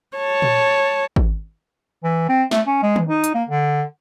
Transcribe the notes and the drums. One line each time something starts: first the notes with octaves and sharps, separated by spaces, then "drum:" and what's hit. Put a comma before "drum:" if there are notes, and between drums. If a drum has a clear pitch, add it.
C#5 A5
drum: tom A#2
drum: kick G#1
E3
C4
A3, drum: snare
C#4
G#3
drum: tom D#3
D#4
drum: hi-hat
A#3
D3